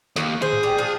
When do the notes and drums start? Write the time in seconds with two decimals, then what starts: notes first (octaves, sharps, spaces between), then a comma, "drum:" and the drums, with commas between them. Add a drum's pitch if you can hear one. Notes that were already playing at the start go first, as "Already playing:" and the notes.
0.16 D#2, drum: snare
0.42 G#4 C5
0.53 drum: tom G#2
0.63 G3 G4
0.78 F3 D4